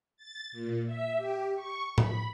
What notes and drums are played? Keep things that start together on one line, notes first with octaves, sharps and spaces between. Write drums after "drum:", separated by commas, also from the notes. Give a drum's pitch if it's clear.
A6
A#2
E5
G4
C#6
B5, drum: tom A2